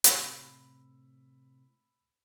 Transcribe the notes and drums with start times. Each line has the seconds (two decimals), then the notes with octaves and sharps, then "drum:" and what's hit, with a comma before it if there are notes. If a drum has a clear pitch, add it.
0.04 A2 C3 B5 E6, drum: hi-hat